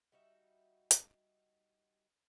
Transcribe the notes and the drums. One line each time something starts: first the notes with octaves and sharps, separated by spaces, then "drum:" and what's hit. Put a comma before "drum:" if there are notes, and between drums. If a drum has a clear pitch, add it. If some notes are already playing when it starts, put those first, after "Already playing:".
G3 D#4 F#4 E5
drum: hi-hat